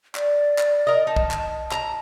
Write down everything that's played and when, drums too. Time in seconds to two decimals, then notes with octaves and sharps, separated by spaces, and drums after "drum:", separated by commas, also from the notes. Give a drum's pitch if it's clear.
0.15 D5, drum: clap
0.58 drum: clap
0.87 A#4 D#5
1.07 D#4 A5
1.16 drum: kick
1.31 drum: clap
1.72 A5 A#5, drum: clap